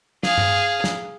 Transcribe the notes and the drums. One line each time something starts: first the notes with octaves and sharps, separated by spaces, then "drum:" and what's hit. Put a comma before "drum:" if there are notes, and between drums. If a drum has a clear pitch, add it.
G#4 F5, drum: snare
drum: tom G2
drum: snare